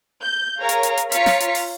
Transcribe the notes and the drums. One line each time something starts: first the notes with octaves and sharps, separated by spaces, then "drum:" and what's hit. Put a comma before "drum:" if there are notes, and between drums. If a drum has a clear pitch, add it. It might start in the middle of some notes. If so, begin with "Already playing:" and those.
G6
G#4 A#4 C#5 F5 A#5
drum: hi-hat
drum: hi-hat
drum: hi-hat
F4 C#5 F5 A#5 B6 C#7, drum: hi-hat
drum: snare
drum: hi-hat
drum: open hi-hat